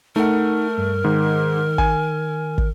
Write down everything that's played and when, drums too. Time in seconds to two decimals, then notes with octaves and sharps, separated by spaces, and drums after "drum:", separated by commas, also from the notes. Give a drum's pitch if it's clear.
0.16 A3 D#4 A#4 F#5
0.78 G2
1.04 G#2 D#3
1.78 G#5, drum: kick
2.58 drum: kick